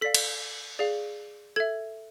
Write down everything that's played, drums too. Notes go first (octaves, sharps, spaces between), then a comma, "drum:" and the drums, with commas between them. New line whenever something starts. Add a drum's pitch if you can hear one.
A4 D5 F5 B6
drum: cymbal
G#4 D5 F5
A4 E5 G#6